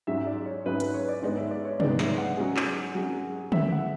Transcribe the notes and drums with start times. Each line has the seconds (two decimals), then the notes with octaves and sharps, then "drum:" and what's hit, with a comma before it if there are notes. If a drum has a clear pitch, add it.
0.07 G#2 F#3 C#4 E4 G#4 E5
0.17 E5
0.26 D5
0.46 C#5
0.66 G#2 F#3 C#4 E4 G#4 B4
0.80 B4, drum: hi-hat
0.94 C#5
1.08 D5
1.22 G#2 G#3 B3 D4 D5
1.37 E5
1.51 D5
1.65 C#5
1.80 G#2 G#3 B3 D4 D5, drum: tom C3
1.99 E5, drum: snare
2.18 F#5
2.37 F#3 C#4 G#4
2.57 drum: clap
2.95 F#3 C#4 G#4
3.52 C#3 E3 G#3 E5, drum: tom D3
3.72 F#5